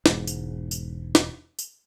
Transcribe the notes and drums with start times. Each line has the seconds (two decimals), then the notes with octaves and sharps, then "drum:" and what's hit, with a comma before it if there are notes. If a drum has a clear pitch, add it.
0.06 E1 G#2, drum: snare
0.27 drum: tambourine
0.71 drum: tambourine
1.15 drum: snare
1.59 drum: tambourine